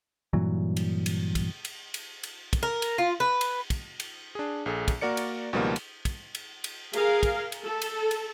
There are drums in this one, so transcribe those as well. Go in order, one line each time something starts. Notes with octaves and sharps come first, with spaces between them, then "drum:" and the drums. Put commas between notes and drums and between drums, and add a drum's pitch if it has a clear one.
G2 A#2 E3 F#3
drum: cymbal
drum: cymbal
drum: kick, cymbal
drum: cymbal
drum: cymbal
drum: cymbal
drum: kick, cymbal
A#4
drum: cymbal
F4
B4
drum: cymbal
drum: kick, cymbal
drum: cymbal
D4 G#4
A#1 G#4 A4
drum: kick, cymbal
A#3 F#4 A#4 D5 C#7
drum: cymbal
C#2 B2 D#3 F3 G3 A#3
drum: cymbal
drum: kick, cymbal
drum: cymbal
drum: cymbal
G#4 A#4 F5, drum: cymbal
drum: kick, cymbal
drum: cymbal
A4
drum: cymbal
drum: cymbal